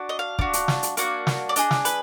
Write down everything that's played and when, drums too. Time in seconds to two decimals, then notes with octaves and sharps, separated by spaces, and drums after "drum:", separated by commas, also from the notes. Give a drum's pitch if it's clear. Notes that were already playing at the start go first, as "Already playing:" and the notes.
Already playing: D4 F#4
0.09 D#5
0.19 F5
0.39 D4 F#4, drum: kick
0.53 drum: hi-hat
0.68 drum: snare
0.83 drum: hi-hat
0.97 A#3 D4 F#4, drum: hi-hat
1.27 drum: snare
1.49 D5
1.56 D4 G#4 D#5, drum: hi-hat
1.71 drum: snare
1.85 B4, drum: hi-hat